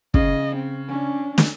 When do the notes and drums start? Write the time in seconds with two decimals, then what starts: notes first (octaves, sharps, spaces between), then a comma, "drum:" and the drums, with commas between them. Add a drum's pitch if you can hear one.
0.14 C#3 D#5, drum: kick
0.55 C4
0.88 C#4 D4
1.38 drum: snare